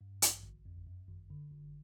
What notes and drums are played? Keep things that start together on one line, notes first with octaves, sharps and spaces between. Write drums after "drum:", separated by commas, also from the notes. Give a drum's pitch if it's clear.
G2
A1, drum: hi-hat
G1
F2
F#2
G#1
D3
G1